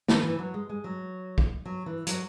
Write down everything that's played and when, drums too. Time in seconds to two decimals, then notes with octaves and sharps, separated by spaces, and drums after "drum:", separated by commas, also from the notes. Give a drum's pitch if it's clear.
0.08 D#3, drum: snare
0.23 E3
0.39 F#3
0.54 G#3
0.69 G#3
0.84 F#3
1.38 drum: kick
1.65 F#3
1.86 E3
2.07 F#3, drum: hi-hat